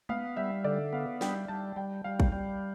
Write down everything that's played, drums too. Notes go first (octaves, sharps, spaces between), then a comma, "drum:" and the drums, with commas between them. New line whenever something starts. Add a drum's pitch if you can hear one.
B3 F5, drum: tom G#3
G3 E5
D3 D5
B3 F5
G3 G5, drum: snare
G3 A5
G3 G5
G3 F5
drum: kick A1
G3